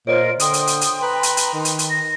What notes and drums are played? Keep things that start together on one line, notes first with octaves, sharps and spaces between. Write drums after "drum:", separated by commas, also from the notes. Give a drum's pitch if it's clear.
A#2 F4 A#4 C5 C#5 D#5 D7
D3 G5 C6 D#6, drum: hi-hat
drum: hi-hat
drum: hi-hat
drum: hi-hat
B4 A#5
drum: hi-hat
drum: hi-hat
D#3
drum: hi-hat
drum: hi-hat
A#6